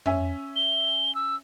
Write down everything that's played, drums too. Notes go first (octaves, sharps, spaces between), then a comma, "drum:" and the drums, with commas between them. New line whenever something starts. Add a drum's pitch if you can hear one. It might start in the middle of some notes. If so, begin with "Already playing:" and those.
C#4 E5 G#5, drum: tom F2
G7
E6